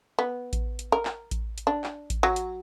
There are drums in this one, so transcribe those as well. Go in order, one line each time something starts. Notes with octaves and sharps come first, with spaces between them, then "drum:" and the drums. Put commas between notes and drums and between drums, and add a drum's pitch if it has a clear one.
B3
drum: kick A1, hi-hat
drum: hi-hat
A#4
drum: clap
drum: kick A1, hi-hat
drum: hi-hat
D4
drum: clap
drum: kick A1, hi-hat
F#3
drum: hi-hat